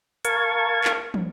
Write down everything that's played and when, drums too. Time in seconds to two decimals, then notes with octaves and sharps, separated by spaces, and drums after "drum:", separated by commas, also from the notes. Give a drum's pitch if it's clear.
0.25 A#4 F5 A5 C#6 G#6, drum: hi-hat
0.84 drum: clap
1.14 drum: tom